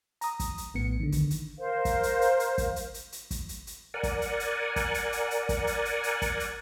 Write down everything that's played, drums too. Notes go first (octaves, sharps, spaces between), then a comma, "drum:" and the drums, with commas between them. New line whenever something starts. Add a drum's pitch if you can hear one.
A#5 D#6, drum: hi-hat
drum: kick, hi-hat
drum: hi-hat
A#1 A2 B3 C#7
D3 D#3
drum: kick, hi-hat
drum: hi-hat
A#4 C5 F5
drum: kick, hi-hat
drum: hi-hat
drum: hi-hat
drum: hi-hat
drum: kick, hi-hat
drum: hi-hat
drum: hi-hat
drum: hi-hat
drum: kick, hi-hat
drum: hi-hat
drum: hi-hat
A#4 D5 F#5 G#5
drum: kick, hi-hat
drum: hi-hat
drum: hi-hat
drum: kick, hi-hat
drum: hi-hat
drum: hi-hat
drum: hi-hat
drum: kick, hi-hat
drum: hi-hat
drum: hi-hat
drum: hi-hat
drum: kick, hi-hat
drum: hi-hat